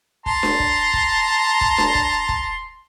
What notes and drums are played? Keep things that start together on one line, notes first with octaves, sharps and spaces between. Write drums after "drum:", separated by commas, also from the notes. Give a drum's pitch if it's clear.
A5 A#5 C6, drum: kick
drum: snare D4
drum: kick
drum: kick
drum: kick
drum: snare D4
drum: kick
drum: kick